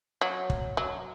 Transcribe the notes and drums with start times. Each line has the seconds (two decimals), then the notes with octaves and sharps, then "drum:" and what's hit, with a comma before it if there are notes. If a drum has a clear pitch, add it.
0.21 F#3
0.50 drum: kick
0.77 F#3